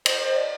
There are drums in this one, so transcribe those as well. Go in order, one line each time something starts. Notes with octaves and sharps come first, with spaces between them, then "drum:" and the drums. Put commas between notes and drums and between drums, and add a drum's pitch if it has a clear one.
C5, drum: cymbal
C5
D5